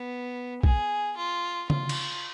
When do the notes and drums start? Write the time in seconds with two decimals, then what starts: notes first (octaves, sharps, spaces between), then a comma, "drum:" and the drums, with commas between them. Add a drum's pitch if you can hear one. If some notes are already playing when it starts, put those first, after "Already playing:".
Already playing: B3
0.63 G#4, drum: kick
1.17 F4
1.70 F4, drum: tom C#3
1.89 drum: cymbal